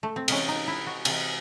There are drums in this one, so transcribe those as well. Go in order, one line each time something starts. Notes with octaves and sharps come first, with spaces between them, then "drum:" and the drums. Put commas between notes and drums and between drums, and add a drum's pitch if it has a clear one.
A3
C4
C3 E3 G#3 C#4, drum: cymbal
D#4
E4
F#4
C3 E3 G#3 G#4, drum: cymbal